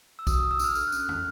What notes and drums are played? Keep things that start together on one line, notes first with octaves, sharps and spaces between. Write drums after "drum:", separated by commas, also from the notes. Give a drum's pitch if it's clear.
E6
F#4 D#6, drum: kick B1, tambourine
F#4 D#6
E6
D4 F6, drum: tambourine
A4 F6, drum: tambourine
F#6
C#4, drum: tambourine
F#6
C#4 F6, drum: tom